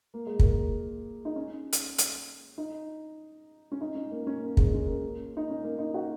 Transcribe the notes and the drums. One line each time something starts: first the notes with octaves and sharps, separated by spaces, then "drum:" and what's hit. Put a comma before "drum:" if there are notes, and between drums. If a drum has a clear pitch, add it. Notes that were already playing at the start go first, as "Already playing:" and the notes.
A#3
G#3
A#3, drum: kick
D#4
C#4
drum: hi-hat
drum: hi-hat
D#4
C#4
D#4
C#4
A#3
C#4
A#3
G#3, drum: kick
C#4
A#3
D#4
C#4
A#3
D#4
F#4